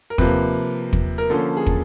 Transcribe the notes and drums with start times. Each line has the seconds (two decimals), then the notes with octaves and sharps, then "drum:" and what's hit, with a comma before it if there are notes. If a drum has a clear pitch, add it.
0.10 A#4
0.18 C3 F3 A#3 B4, drum: kick
0.93 drum: kick
1.18 A#4
1.30 D3 F3 A#3 C#4 A4
1.57 G#4
1.67 drum: kick